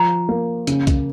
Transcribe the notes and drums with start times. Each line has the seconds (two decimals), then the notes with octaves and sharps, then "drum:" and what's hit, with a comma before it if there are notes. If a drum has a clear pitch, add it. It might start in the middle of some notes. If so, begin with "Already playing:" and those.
Already playing: F3 A#5
0.29 A#3
0.67 C#3, drum: hi-hat
0.87 drum: kick, hi-hat